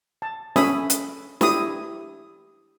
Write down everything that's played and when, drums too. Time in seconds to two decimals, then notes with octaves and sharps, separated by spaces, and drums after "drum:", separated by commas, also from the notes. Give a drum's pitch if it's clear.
0.22 A5
0.56 C#4 A4 E5 G#5 B5 D#6, drum: snare
0.90 drum: hi-hat
1.41 E4 G4 D#6, drum: snare